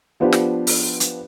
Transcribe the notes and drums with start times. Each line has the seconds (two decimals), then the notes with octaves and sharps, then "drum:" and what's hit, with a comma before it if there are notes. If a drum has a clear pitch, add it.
0.20 F3 B3 D4 F4 G4
0.32 drum: snare
0.67 drum: open hi-hat
1.00 drum: hi-hat